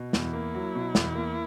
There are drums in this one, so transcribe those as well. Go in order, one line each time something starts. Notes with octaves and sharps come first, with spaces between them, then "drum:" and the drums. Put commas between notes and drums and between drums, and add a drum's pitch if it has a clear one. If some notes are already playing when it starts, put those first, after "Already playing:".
Already playing: B2
E2 E4, drum: snare
A#3
F#3
B2
E2, drum: snare
A#3